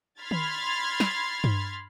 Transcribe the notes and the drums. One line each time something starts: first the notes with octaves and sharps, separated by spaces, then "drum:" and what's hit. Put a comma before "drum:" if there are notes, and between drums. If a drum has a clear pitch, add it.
B5 C6 F6 G#6 A6
drum: tom D#3
drum: snare
drum: tom G2